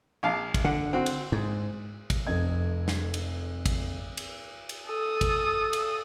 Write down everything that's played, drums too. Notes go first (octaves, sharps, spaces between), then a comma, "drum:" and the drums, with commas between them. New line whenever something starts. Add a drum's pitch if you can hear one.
A#1 F5 A5
drum: kick, cymbal
D3 F#5
C4 F#4
drum: cymbal
G#2
drum: kick, cymbal
F1 F2 D#5 G#6
drum: snare
drum: cymbal
drum: kick, cymbal
drum: cymbal
drum: cymbal
A4 D#6
drum: kick, cymbal
drum: cymbal